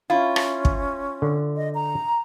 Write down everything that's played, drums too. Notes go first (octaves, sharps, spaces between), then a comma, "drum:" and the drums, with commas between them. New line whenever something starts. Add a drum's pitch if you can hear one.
C#4 E4 F4
drum: rim click
drum: kick
D3
D#5
A#5